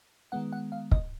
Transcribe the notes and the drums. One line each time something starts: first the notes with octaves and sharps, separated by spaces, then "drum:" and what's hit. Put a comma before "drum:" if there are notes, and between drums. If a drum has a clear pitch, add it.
D#3 G#3 B3 F#5
F#5
F5
D#5, drum: kick